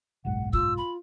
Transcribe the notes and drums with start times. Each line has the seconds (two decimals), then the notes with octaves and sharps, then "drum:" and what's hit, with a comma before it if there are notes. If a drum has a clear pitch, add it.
0.25 F#1 B1 G#2 F#5
0.53 F4 E6, drum: kick
0.78 B5